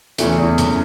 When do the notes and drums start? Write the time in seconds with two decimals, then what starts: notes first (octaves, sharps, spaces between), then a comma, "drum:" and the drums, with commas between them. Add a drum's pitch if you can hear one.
0.18 E2 C#3 E3 A3, drum: hi-hat
0.38 E2
0.58 F#2, drum: hi-hat